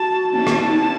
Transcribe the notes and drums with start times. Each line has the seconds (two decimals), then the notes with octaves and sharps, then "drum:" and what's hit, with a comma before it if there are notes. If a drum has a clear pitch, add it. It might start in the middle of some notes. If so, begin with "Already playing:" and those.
Already playing: F#4 A5
0.32 A5, drum: cymbal
0.47 drum: rim click
0.66 D#4
0.79 E4